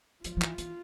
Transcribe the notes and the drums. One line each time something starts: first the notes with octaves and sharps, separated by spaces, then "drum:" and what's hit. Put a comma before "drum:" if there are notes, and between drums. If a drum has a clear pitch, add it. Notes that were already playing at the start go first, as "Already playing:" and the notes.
F3 F4, drum: hi-hat
F3
E3, drum: clap
E3, drum: hi-hat